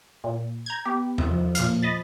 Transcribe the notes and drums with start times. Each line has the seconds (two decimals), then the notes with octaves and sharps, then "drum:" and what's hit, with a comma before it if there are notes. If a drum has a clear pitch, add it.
0.24 A#2
0.66 A#5 G6 G#6
0.85 B3 G4
1.18 drum: tom E2
1.30 F3
1.55 A#2 F5, drum: hi-hat
1.83 D#5 B5 A6